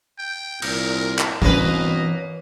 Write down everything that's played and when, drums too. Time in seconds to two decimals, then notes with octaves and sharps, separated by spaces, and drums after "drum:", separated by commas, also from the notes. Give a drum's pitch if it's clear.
0.18 G5
0.62 C2 A#2 A#4, drum: cymbal
1.19 drum: clap
1.42 G2 B2 E3 A#3 C4 C#4 B4 D#5, drum: tom